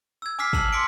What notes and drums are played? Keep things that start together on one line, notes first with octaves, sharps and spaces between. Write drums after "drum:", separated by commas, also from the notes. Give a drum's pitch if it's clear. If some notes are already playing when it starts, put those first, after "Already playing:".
E6 G#6
G#5 D6 E6 F6 B6 C7
A5 E6 F6 C7 F#7, drum: kick
C6 D6 B6 C#7 D7